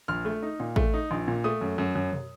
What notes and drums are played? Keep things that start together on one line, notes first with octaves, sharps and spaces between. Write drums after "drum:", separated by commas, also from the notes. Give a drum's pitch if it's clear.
A#1 F6
A3
D#4
A#2
A3, drum: kick A1
D#4
A#1
A#2
A3 D#6
F#2
F#2
F#2
drum: tom B2